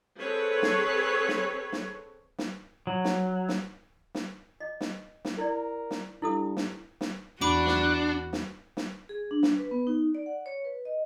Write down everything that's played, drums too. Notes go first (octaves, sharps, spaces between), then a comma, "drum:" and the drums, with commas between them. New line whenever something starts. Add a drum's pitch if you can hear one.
C4 G#4 A4 B4 C#5
drum: snare
drum: snare
drum: snare
drum: snare
F#3
drum: snare
drum: snare
drum: snare
D#5
drum: snare
drum: snare
E4 A#4 D5
drum: snare
G2 E4 A4 D#6
drum: snare
drum: snare
E2 D4 F#4 B5 D6 D7
drum: snare
drum: snare
drum: snare
G#4
D4
drum: snare
B4
B3
D#4
D5
F#5
C#5
B4
D#5